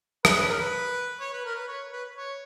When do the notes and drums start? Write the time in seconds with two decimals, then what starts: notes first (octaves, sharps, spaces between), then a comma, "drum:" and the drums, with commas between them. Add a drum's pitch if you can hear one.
0.25 B4, drum: rim click
0.36 B4
0.49 A#4
0.60 B4
1.20 C#5
1.33 B4
1.45 A#4
1.56 B4
1.68 C#5
1.92 B4
2.17 C#5